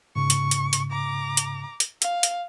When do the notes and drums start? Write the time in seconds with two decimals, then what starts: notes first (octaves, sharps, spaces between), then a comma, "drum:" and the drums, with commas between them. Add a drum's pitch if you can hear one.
0.16 G#2 C#3 C#6
0.30 drum: hi-hat
0.51 drum: hi-hat
0.73 drum: hi-hat
0.91 A#5 D6
1.37 drum: hi-hat
1.80 drum: hi-hat
2.02 F5, drum: hi-hat
2.23 drum: hi-hat